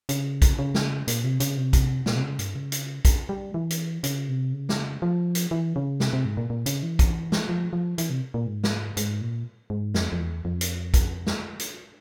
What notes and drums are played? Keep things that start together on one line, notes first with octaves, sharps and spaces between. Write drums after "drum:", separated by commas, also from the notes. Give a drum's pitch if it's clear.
C#3, drum: hi-hat
drum: kick, hi-hat
C#3
drum: snare
A#2, drum: hi-hat
C3
C#3, drum: hi-hat
C3
drum: kick, hi-hat
A#2, drum: snare
C3
C#3
G2, drum: hi-hat
C#3
drum: hi-hat
drum: kick, hi-hat
G3
E3
drum: hi-hat
C#3, drum: hi-hat
C3
C#3
drum: snare
F3
drum: hi-hat
E3
C#3
C3, drum: snare
C3
G#2
A#2
A#2
C#3, drum: hi-hat
E3
drum: kick, hi-hat
drum: snare
F3
F3
E3, drum: hi-hat
C3
A#2
G#2
drum: snare
G#2, drum: hi-hat
A#2
G#2
F2, drum: snare
F2
E2
F2
drum: hi-hat
drum: kick, hi-hat
drum: snare
drum: hi-hat